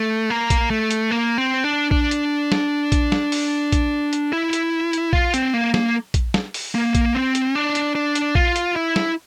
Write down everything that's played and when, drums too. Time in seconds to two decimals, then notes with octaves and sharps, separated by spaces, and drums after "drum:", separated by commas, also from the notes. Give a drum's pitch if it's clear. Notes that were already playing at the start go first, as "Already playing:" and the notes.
Already playing: A3
0.30 A#3
0.50 drum: kick A#1, hi-hat
0.70 A3
0.91 drum: hi-hat
1.11 A#3
1.38 C4
1.64 D4
1.91 D4, drum: kick A#1
2.11 drum: hi-hat
2.52 drum: snare
2.92 drum: kick A#1, hi-hat
3.12 drum: snare
3.32 drum: open hi-hat
3.72 drum: kick A#1, hi-hat
4.13 drum: hi-hat
4.33 E4
4.53 drum: hi-hat
4.93 drum: hi-hat
5.13 F4, drum: kick A#1
5.34 C4, drum: hi-hat
5.54 A#3
5.74 A#3, drum: snare
6.14 drum: kick A#1, hi-hat
6.34 drum: snare
6.54 drum: open hi-hat
6.75 A#3
6.95 drum: kick A#1, hi-hat
7.15 C4
7.35 drum: hi-hat
7.55 D4
7.75 drum: hi-hat
7.95 D4
8.15 drum: hi-hat
8.35 F4, drum: kick A#1
8.56 drum: hi-hat
8.76 E4
8.96 drum: snare